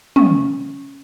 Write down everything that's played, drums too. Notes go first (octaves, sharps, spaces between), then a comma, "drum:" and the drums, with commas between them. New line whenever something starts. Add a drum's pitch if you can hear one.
C#4, drum: tom